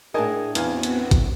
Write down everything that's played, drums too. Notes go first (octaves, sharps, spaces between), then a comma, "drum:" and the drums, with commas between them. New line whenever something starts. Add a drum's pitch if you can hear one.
A2 D4 G#4 A#4 D#5 G#5 A5
E2 B3 C4 F#4 B4 F5 G#5, drum: hi-hat
drum: hi-hat
drum: kick, hi-hat